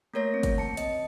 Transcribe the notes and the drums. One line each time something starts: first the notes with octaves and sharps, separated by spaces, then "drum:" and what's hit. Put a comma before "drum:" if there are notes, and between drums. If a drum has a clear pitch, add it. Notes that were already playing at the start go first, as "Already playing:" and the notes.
A3 A#3 A#4 C#5 A#6
C4
drum: kick G1, hi-hat
A5 C#7
D#5, drum: hi-hat